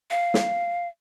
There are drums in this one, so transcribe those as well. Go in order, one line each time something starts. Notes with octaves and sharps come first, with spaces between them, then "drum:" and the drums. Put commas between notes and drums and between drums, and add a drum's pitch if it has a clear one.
F5
drum: snare